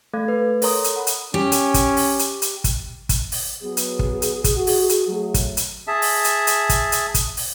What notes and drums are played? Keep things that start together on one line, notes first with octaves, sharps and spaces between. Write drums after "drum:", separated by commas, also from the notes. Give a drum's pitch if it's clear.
A3 A4 F5 G#6
A3 B4
A4 A#4 C#5 A#5 C6 D#6, drum: open hi-hat
drum: hi-hat
F#5 B5
drum: hi-hat
C#4 G4
drum: hi-hat
drum: kick, hi-hat
drum: open hi-hat
drum: hi-hat
drum: hi-hat
drum: kick, hi-hat
drum: kick, hi-hat
drum: open hi-hat
F#3 B3 G#4
drum: hi-hat
drum: kick
drum: hi-hat
drum: kick, hi-hat
F#4
drum: open hi-hat
drum: hi-hat
F#3 A3
drum: kick, hi-hat
drum: hi-hat
G#4 E5 A5
drum: open hi-hat
drum: hi-hat
drum: hi-hat
drum: kick, hi-hat
drum: hi-hat
drum: kick, hi-hat
drum: open hi-hat